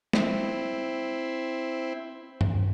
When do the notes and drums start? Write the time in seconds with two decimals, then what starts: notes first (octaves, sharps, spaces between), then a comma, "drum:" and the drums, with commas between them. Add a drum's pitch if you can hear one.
0.13 C4 E4, drum: snare
2.41 drum: tom G2